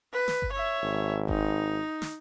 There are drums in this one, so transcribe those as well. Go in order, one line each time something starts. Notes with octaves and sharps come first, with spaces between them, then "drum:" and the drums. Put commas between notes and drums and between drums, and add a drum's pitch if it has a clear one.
B4
drum: snare
drum: kick G1
C#5 E5
G#1
D#4, drum: kick G1
drum: snare